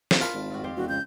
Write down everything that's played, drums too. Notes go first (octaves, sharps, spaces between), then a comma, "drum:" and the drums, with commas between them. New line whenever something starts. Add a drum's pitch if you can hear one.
drum: snare
D4 F4 A#4 A5 B5
G#1
G2 F#4
F2 G4 C5
E1 F#4
C#2 G6